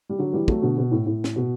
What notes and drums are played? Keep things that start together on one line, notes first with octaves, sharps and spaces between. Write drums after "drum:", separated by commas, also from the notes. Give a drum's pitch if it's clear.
G3
D3 F#3
E3 G3
F#3 A3, drum: kick
B2 D3
B2
A2
A2
drum: snare
B2